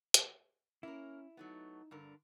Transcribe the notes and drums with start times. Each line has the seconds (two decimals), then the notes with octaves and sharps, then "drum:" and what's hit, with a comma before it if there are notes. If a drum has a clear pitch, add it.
0.14 drum: hi-hat
0.83 A#3 C#4 E4 A#4
1.37 F#3 A3 B3 D#4
1.91 G2 D3 A#4